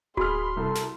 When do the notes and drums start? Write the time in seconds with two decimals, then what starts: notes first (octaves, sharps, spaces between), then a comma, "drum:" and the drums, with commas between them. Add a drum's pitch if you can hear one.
0.17 F#4 G#4 B5 C6 F6, drum: kick D1
0.57 C2 A4
0.75 drum: snare